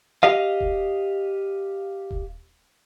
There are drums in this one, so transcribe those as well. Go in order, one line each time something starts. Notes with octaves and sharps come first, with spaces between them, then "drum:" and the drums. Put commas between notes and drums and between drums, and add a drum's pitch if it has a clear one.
G4 D#5 F5
drum: kick D#1
drum: kick D#1